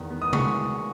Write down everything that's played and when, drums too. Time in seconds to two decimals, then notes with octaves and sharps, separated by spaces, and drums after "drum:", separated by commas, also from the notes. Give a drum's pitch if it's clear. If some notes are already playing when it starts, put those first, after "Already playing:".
Already playing: E2 D#3
0.10 B3
0.22 D#6
0.33 G#3 C#6, drum: tom C3